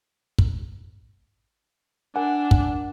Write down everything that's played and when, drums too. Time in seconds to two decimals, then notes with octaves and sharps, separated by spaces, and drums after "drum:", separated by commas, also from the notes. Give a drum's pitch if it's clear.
0.38 drum: kick
2.16 D4 A#4 F#5 G#5
2.51 drum: kick